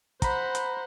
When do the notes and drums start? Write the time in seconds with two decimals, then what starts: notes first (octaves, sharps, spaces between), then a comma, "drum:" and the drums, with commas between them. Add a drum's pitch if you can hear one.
0.22 C5 F#5 A#5 B5, drum: kick, hi-hat
0.55 drum: hi-hat